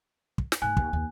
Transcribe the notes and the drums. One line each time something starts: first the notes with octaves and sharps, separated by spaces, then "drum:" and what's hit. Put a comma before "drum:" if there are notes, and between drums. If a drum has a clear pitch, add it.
drum: kick
drum: snare
G#2 A3 G#5 F#6
D#2, drum: kick
D#2